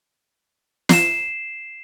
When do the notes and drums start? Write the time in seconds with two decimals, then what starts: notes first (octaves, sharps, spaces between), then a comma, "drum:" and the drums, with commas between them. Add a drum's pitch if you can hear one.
0.89 C7 E7, drum: snare